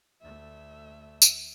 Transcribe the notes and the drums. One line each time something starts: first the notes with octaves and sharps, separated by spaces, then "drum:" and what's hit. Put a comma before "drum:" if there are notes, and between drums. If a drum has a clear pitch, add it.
D2 A3 E5
drum: tambourine